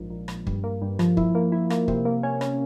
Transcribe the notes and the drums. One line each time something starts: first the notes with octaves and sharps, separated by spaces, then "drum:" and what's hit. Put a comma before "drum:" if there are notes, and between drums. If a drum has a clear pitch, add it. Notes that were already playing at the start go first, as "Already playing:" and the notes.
Already playing: A#1 G#2
A#1
A#1, drum: rim click
G2, drum: kick
A#3
G2
F3, drum: rim click
E4, drum: kick
A#3
E4
A#3, drum: rim click
C3, drum: kick
A#3
C#4
C#4, drum: rim click